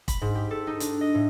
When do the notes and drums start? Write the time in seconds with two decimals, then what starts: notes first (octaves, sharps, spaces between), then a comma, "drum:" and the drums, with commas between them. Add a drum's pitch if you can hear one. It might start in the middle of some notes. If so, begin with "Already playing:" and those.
0.08 B5, drum: kick, hi-hat
0.21 G#2
0.35 G4
0.51 A4
0.67 D#4
0.80 D4, drum: hi-hat
1.01 D#5
1.15 A2